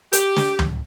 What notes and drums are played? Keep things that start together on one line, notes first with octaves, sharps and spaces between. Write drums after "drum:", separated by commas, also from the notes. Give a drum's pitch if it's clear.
G4, drum: hi-hat
drum: snare
drum: tom